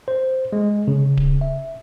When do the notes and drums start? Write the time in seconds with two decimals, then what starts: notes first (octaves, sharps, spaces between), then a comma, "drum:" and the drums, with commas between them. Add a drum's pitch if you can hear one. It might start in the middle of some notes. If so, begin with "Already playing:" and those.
0.08 C5
0.52 G#3
0.87 C#3
1.17 drum: kick D1
1.41 E5